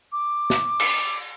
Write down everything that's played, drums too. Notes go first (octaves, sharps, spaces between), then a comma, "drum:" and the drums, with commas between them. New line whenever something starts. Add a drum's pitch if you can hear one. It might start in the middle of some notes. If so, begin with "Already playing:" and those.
D6
drum: snare
drum: cymbal